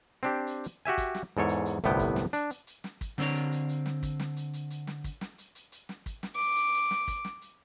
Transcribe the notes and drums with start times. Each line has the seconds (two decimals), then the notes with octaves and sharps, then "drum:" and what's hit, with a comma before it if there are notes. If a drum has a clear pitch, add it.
0.23 C4 D4 G4
0.47 drum: hi-hat
0.64 drum: hi-hat
0.85 F#4 G4 E5 G#5
0.98 drum: kick, hi-hat
1.15 drum: snare
1.37 E2 G#2 A4 C#5
1.48 drum: hi-hat
1.65 drum: hi-hat
1.84 G1 C2 A2 C3 B3 G5, drum: snare
1.99 drum: kick, hi-hat
2.16 drum: snare
2.33 D4, drum: hi-hat
2.50 drum: hi-hat
2.67 drum: hi-hat
2.84 drum: snare
3.01 drum: kick, hi-hat
3.18 D3 C4 D4 A#4 C#5, drum: snare
3.35 drum: hi-hat
3.52 drum: hi-hat
3.69 drum: hi-hat
3.86 drum: snare
4.03 drum: kick, hi-hat
4.20 drum: snare
4.36 drum: hi-hat
4.53 drum: hi-hat
4.70 drum: hi-hat
4.87 drum: snare
5.04 drum: kick, hi-hat
5.21 drum: snare
5.38 drum: hi-hat
5.55 drum: hi-hat
5.72 drum: hi-hat
5.89 drum: snare
6.06 drum: kick, hi-hat
6.23 drum: snare
6.36 D6
6.57 drum: hi-hat
6.74 drum: hi-hat
6.91 drum: snare
7.08 drum: kick, hi-hat
7.25 drum: snare
7.41 drum: hi-hat